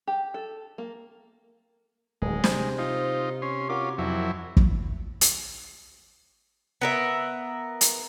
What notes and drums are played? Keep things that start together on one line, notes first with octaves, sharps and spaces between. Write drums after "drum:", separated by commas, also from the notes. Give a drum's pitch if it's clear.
G4
A4
A#3
D1 D#3 G#3
C3 C5, drum: snare
D#4 F4
C#4 C6
C#4 F4 F#4 A#4 D6
C2 F2 F#3 E4
drum: kick
drum: hi-hat
B3 A#4 E5
drum: hi-hat